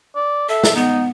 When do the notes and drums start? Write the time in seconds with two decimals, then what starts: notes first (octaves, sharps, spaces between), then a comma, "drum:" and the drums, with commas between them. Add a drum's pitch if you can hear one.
0.16 D5
0.49 A4 E5
0.64 drum: snare
0.76 B3 D#4